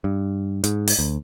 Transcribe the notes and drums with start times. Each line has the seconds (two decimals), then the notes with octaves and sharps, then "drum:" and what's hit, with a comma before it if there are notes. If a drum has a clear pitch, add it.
0.04 G2
0.64 G#2, drum: hi-hat
0.88 drum: open hi-hat
0.99 D2